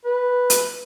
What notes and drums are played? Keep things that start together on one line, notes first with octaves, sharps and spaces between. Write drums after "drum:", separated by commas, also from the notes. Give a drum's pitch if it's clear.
B4
drum: hi-hat